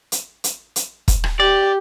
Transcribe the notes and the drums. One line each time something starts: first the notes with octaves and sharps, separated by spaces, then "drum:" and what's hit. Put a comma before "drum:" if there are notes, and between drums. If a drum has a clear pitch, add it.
drum: hi-hat
drum: hi-hat
drum: hi-hat
drum: kick, hi-hat
drum: rim click
G4 D5